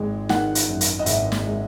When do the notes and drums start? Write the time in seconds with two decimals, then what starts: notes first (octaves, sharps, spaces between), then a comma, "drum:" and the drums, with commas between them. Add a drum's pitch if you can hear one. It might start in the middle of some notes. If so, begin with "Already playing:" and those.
Already playing: G#1 G#3
0.29 D#3 F#5, drum: snare
0.55 drum: hi-hat
0.68 F#2
0.81 drum: hi-hat
0.99 D#5
1.06 G#1 E5, drum: hi-hat
1.32 drum: snare
1.44 G#3